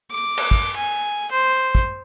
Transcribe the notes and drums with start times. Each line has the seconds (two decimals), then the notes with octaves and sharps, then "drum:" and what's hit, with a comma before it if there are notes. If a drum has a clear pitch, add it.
0.11 D6
0.37 drum: cymbal
0.51 drum: kick
0.76 G#5
1.31 C5
1.75 drum: kick